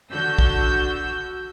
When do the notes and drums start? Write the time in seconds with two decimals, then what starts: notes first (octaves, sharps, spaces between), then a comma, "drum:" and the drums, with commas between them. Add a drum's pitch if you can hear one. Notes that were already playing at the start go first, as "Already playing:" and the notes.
0.11 D3 F#4 E6 G6
0.39 drum: kick